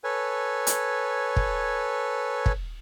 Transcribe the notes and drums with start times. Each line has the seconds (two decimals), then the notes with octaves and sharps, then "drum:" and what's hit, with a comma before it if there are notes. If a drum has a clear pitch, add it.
0.04 A4 B4 C#5 G#5
0.67 drum: hi-hat
1.36 drum: kick
2.46 drum: kick